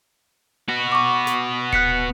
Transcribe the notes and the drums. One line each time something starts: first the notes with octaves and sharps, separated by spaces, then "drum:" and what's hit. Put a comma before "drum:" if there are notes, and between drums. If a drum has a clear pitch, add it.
B3 F#4
C#6 D6
drum: snare
F#6 B6 C#7, drum: kick D1